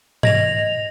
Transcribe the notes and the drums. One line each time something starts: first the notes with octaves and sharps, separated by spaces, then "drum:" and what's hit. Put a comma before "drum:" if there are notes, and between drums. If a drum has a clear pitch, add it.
D#5 A#6 F7, drum: tom G#2